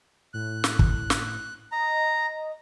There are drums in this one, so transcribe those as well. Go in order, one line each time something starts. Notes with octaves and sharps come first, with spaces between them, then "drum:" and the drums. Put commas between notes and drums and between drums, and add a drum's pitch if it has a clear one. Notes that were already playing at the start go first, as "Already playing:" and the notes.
A2 F#6
drum: snare
drum: kick
drum: snare
D#5 A#5